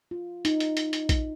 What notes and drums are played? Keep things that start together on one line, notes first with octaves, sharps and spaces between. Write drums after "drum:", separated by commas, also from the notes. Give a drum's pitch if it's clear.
F4
D#4, drum: hi-hat
drum: hi-hat
drum: hi-hat
drum: hi-hat
drum: kick A#1, hi-hat